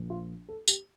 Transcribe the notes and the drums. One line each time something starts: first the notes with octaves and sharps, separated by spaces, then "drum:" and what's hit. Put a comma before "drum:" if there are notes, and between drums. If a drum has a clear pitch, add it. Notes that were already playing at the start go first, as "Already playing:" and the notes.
Already playing: A#1 A#2 F3
F4
A4
G4, drum: tambourine